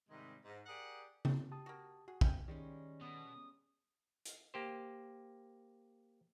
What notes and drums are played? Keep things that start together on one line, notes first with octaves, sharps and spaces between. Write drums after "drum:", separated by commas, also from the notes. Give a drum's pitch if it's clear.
G#2 C3 D#3 G3 G#3
G#2
G4 G#4 A#4 D5 F#5
drum: tom C#3
G4 A5 D#6
A#3 F#4
F#4 G#4
C#4 G5 G#5, drum: kick
D#3 G3 G#3 C#4
B2 D#6
drum: hi-hat
A#3 G4 C5